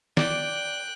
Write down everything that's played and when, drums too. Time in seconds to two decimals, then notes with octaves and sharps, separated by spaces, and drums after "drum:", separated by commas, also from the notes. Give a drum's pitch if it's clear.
0.17 D5 G5 F#6, drum: snare